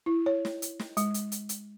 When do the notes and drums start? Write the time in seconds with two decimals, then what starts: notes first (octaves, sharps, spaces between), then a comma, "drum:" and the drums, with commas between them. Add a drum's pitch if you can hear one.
0.06 E4
0.26 C#5
0.45 drum: snare
0.62 drum: hi-hat
0.79 drum: snare
0.97 G#3, drum: hi-hat
1.14 drum: hi-hat
1.32 drum: hi-hat
1.49 drum: hi-hat